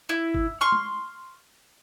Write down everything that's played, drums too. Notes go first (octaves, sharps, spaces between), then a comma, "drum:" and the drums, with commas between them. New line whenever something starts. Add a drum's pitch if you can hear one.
E4
drum: kick G1
C6 C#6 F6
drum: tom G#3